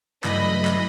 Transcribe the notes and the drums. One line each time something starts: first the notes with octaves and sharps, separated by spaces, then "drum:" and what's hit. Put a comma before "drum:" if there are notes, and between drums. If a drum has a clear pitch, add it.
G2 C#3 E3 F#3 A3 D#5 B5, drum: clap
drum: clap